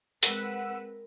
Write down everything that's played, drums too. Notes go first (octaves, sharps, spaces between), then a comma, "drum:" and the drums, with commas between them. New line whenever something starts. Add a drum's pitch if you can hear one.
G#3 C4 A#4 B4 F#5 E6, drum: hi-hat